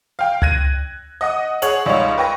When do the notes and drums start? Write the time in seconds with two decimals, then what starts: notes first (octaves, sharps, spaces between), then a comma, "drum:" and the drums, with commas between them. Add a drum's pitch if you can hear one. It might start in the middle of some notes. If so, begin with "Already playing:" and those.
0.19 F5 G5
0.42 F#6 G#6 A#6 D#7, drum: tom C#2
1.21 D#5 F#5 D#6
1.62 G#4 C#5 F#5 F#7, drum: hi-hat
1.86 C#2 G3 D#4 C#5
2.18 B4 G5 C#6 A#6